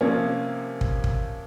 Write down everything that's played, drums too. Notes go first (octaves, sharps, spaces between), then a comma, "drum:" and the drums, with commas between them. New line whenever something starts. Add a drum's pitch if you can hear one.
C3 F3 A#3 C#4 F4
drum: kick
drum: kick